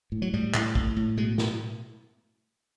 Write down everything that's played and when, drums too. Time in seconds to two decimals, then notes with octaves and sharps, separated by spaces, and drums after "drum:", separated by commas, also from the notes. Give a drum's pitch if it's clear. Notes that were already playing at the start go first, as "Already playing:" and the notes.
0.12 A2
0.22 F#3
0.33 A2 G3
0.54 A2, drum: clap
0.75 A2, drum: kick
0.96 A2
1.17 B2 G#3
1.38 B2, drum: snare